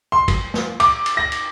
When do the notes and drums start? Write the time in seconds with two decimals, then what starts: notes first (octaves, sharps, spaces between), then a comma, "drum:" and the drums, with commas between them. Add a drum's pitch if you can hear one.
0.12 C6
0.28 drum: kick, cymbal
0.54 drum: snare
0.80 D6, drum: cymbal
1.06 drum: cymbal
1.17 A#6
1.32 drum: cymbal